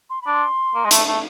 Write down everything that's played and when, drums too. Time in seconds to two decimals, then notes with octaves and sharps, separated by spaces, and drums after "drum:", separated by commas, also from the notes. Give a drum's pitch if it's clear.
0.10 C6
0.22 D4 B5
0.34 C6
0.74 A#3
0.84 G#3
0.91 A3, drum: hi-hat
1.07 A3